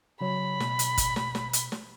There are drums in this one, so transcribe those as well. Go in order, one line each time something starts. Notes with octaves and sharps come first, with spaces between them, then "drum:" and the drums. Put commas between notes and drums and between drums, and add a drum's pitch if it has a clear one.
C#3 F#3 C#5 B5
B2, drum: snare
drum: hi-hat
drum: kick, hi-hat
drum: snare
drum: snare
drum: hi-hat
drum: snare